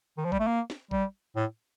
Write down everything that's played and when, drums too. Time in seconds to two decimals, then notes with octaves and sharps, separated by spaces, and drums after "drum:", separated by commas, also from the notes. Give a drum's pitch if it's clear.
0.18 D#3
0.25 F3
0.32 G3, drum: kick G#1
0.40 A3
0.47 A#3
0.70 drum: snare
0.91 G3, drum: kick G#1
1.36 A2